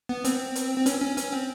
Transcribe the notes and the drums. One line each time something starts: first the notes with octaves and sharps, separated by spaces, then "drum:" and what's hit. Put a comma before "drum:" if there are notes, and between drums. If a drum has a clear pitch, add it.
B3
C4, drum: hi-hat
drum: hi-hat
C4
C#4, drum: hi-hat
C#4
C#4, drum: hi-hat
C4